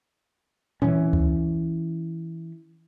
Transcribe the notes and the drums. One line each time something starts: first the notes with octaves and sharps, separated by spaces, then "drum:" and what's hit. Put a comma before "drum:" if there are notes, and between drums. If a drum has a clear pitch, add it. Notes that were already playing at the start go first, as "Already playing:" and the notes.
E3 C#4, drum: tom A#2
drum: kick C#2